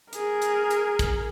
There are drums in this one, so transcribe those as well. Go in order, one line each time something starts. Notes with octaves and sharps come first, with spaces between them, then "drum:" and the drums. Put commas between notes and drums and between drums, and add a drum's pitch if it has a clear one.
G#4 A#4, drum: hi-hat
drum: hi-hat
drum: hi-hat
drum: kick, hi-hat